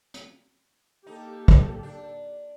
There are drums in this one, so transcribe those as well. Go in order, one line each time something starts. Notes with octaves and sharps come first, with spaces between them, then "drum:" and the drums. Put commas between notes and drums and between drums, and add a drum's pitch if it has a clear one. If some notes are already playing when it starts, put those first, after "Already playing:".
drum: hi-hat
A#3 D#4 G4 A4
drum: kick
D4